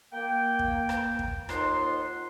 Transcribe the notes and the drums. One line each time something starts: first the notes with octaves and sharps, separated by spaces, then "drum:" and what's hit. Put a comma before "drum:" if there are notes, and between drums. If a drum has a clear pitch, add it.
A#3 G5
drum: kick
drum: rim click
drum: kick
D#2 D#4 F4 C5 F#5 C6, drum: rim click